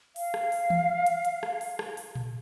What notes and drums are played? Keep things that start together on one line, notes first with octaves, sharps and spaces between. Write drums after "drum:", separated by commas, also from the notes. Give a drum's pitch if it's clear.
F5, drum: open hi-hat
drum: rim click
drum: open hi-hat
drum: tom E3
drum: hi-hat
drum: hi-hat
drum: rim click
drum: open hi-hat
drum: rim click
drum: open hi-hat
drum: tom A#2